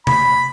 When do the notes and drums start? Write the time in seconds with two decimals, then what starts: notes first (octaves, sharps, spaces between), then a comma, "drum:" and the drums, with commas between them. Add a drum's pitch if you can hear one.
0.07 B5, drum: tom C3